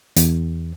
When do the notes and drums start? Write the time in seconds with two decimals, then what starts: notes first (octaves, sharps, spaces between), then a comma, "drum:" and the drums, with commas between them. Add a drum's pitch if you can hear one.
0.16 E2, drum: hi-hat